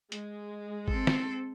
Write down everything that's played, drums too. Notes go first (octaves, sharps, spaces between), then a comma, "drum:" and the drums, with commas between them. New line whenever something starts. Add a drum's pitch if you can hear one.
G#3, drum: hi-hat
C4 A4, drum: kick
drum: snare